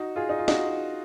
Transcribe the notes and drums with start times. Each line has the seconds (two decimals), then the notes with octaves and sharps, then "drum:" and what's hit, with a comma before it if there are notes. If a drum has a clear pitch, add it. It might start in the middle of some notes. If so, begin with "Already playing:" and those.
Already playing: D#4 F#4
0.16 F4 G#4
0.29 D#4
0.39 F4
0.48 D#4 F#4, drum: snare